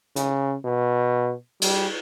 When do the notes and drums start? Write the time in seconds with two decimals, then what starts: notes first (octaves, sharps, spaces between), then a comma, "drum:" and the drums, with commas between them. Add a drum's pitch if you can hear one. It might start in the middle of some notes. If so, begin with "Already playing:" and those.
0.16 C#3, drum: hi-hat
0.64 B2
1.62 G3, drum: cymbal